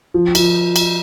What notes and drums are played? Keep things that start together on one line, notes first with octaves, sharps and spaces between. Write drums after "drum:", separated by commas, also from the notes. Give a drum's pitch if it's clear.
F3
F3, drum: cymbal
drum: cymbal